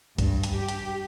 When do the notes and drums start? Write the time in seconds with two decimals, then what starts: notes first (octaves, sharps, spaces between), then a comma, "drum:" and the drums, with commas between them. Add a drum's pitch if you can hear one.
0.18 G2, drum: kick C2, hi-hat
0.43 drum: hi-hat
0.55 G4
0.68 drum: hi-hat